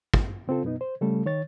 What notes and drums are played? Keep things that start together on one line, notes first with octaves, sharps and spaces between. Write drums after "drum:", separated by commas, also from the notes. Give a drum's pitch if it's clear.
drum: kick
C#3 C4 F4 A4
F#2 B2 B3 D#4
C5
C#3 G3 A3 A4
D#3 C#5 A6